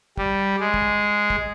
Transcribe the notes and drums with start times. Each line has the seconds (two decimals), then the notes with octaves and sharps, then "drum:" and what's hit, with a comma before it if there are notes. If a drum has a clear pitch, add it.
0.17 G3, drum: kick
0.60 G#3
0.74 drum: kick
1.30 drum: kick